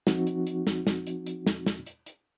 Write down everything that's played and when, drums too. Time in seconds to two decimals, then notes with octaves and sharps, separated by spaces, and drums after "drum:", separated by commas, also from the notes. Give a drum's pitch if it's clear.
0.07 F3 C4 D#4 F#4, drum: snare
0.27 drum: hi-hat
0.47 drum: hi-hat
0.67 drum: snare
0.87 drum: snare
1.07 drum: hi-hat
1.27 drum: hi-hat
1.47 drum: snare
1.66 drum: snare
1.86 drum: hi-hat
2.06 drum: hi-hat